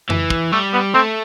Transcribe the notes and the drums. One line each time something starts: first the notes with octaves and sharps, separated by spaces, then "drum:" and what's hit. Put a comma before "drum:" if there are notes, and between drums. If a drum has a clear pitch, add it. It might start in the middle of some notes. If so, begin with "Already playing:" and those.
E3, drum: tom F2
drum: kick
G3 A3
B3
A3 C4